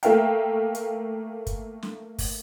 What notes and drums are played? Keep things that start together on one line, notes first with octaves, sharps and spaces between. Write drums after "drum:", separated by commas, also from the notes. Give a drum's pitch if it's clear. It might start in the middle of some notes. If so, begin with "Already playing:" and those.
A3 A#3 A#4 E5 F5 G5, drum: hi-hat
drum: hi-hat
drum: kick, hi-hat
drum: snare
drum: kick, open hi-hat